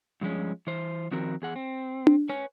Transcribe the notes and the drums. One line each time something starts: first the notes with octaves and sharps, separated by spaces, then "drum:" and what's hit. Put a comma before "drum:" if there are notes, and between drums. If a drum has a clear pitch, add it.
G2 F3 G#3 C#4
E3 C5
D#3 F3 C4 F#4 A#4
E2 G#4 F#5
C4
drum: tom D4
B4 C#5 G#5